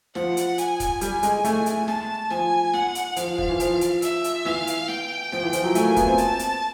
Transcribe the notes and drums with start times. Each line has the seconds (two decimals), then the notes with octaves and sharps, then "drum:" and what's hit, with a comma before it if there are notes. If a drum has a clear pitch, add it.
0.15 F3 F#5, drum: snare
0.37 drum: hi-hat
0.58 G#5, drum: hi-hat
0.80 drum: kick, hi-hat
1.01 G3 G#5, drum: hi-hat
1.23 G#3, drum: hi-hat
1.44 A3, drum: hi-hat
1.66 drum: hi-hat
1.88 A5, drum: snare
2.30 F3 G#5, drum: snare
2.73 F#5, drum: snare
2.95 drum: hi-hat
3.16 F3 F5, drum: hi-hat
3.27 F3
3.38 F3, drum: kick
3.49 E3
3.60 F3, drum: hi-hat
3.81 drum: hi-hat
4.02 E5, drum: hi-hat
4.24 drum: hi-hat
4.45 E3 F5, drum: snare
4.67 drum: hi-hat
4.88 G5, drum: snare
5.32 F3, drum: snare
5.43 E3
5.53 F3, drum: hi-hat
5.64 F#3
5.75 A3 G#5, drum: hi-hat
5.86 A#3
5.96 B3, drum: kick, hi-hat
6.07 C4
6.18 A5, drum: hi-hat
6.39 drum: hi-hat